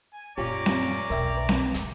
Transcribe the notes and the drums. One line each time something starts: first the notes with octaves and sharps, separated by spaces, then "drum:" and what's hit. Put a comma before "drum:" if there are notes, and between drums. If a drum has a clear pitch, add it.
G#5
F#2 A#2 C#4 F4 G4 D5 A#5 D6
drum: snare C4
B1 E2 A#4 E5 G5
B4
drum: snare C4
C#3, drum: hi-hat